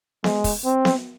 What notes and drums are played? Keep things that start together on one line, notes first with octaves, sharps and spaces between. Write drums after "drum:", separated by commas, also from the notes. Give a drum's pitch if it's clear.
G#3, drum: snare B3
drum: kick, open hi-hat
C4
drum: snare B3